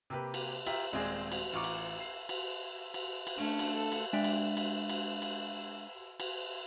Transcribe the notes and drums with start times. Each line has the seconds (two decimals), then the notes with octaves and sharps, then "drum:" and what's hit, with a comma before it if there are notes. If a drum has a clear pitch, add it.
0.10 C3 A#3 G4 B4
0.34 drum: cymbal
0.66 F4 G4 E5 A#5, drum: cymbal
0.92 D#1 G#3 C4 G#4 D5
1.32 drum: cymbal
1.53 A1 F4 A#5 C#6 D6
1.64 drum: cymbal
2.00 C7
2.29 drum: cymbal
2.94 drum: cymbal
3.27 drum: cymbal
3.37 A3 C#4 D4
3.59 drum: cymbal
3.72 A4
3.92 drum: cymbal
4.13 G#3 D4 D5 E5 G5 G#5
4.24 drum: cymbal
4.57 drum: cymbal
4.89 drum: cymbal
5.22 drum: cymbal
6.20 drum: cymbal